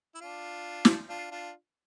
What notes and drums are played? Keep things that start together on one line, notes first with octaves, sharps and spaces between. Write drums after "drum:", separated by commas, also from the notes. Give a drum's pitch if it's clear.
E4
D4 F4
drum: snare
D4 F4
D4 F4